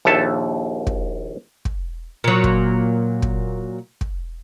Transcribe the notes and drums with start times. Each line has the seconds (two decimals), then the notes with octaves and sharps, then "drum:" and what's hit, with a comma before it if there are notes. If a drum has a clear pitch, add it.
0.05 A#1 D#2 A4 E5 A5
0.87 drum: kick
1.65 drum: kick
2.24 A#2 F#3
2.44 drum: kick
3.22 drum: kick
4.01 drum: kick